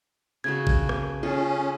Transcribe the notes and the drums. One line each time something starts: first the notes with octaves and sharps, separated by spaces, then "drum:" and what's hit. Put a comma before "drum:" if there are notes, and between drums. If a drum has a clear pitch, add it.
C#3 A3 F#4 G#6
drum: kick A1
drum: rim click
C#4 F4 G#4 A4